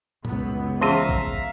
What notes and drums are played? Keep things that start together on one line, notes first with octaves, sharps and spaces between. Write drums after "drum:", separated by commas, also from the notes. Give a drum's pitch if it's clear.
C#2 F#2 B3, drum: tom A#2
E3 C#4 G#4 E5 F5 A#5 C6
drum: kick A#1